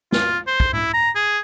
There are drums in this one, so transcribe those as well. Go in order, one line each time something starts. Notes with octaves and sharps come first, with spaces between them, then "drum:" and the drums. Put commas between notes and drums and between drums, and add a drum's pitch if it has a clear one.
F4, drum: snare
C5
drum: kick
E4, drum: tom A2
A#5
G#4